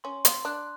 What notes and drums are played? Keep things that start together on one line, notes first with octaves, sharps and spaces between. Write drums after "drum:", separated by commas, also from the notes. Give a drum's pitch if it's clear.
C#4 C6
C6, drum: hi-hat
D4 F#6